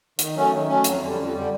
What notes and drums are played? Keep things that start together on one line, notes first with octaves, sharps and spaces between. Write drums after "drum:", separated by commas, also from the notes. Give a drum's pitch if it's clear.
D#3, drum: hi-hat
F#3 A3 C#4
D#3
F#3 A3 C#4
F2, drum: hi-hat
D3 G3
F2
D3 G3